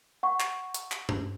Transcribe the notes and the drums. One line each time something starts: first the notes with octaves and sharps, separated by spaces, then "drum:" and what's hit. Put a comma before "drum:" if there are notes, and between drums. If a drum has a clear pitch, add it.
F#5 C#6
drum: clap
drum: hi-hat
drum: clap
drum: tom G2